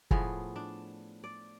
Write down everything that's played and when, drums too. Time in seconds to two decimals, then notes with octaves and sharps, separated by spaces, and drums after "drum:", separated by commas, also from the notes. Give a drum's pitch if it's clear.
0.11 A2 F3 B3 G#4, drum: kick
0.56 D4
1.24 D5